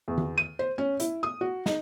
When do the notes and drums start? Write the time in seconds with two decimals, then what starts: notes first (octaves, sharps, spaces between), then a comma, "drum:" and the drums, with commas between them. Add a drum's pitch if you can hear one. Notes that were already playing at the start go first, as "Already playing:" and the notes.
0.08 E2
0.18 drum: tom D#3
0.38 D#7
0.59 C5
0.78 C#4
1.00 E4, drum: hi-hat
1.23 D#6
1.41 F#4
1.66 D#4, drum: snare